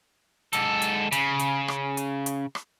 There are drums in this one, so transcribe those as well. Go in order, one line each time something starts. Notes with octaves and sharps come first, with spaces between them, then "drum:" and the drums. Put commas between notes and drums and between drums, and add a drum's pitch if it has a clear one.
G#2 A4, drum: hi-hat
drum: hi-hat
C#3, drum: hi-hat
drum: hi-hat
drum: rim click
drum: hi-hat
drum: hi-hat
drum: rim click